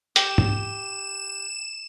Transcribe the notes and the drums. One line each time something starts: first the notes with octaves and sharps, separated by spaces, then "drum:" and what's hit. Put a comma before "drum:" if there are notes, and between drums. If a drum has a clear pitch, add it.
G4 E7, drum: hi-hat
drum: tom